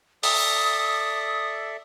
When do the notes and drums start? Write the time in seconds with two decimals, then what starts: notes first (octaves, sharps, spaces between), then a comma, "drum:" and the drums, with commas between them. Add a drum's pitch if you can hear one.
0.23 A4 D5 E5 D#6, drum: open hi-hat